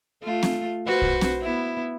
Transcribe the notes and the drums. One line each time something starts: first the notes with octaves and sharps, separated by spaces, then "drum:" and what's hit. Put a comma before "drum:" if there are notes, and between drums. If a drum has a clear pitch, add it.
A3 F4
drum: snare C4
F#4 B4 C5
drum: kick
drum: snare C4
B3 E4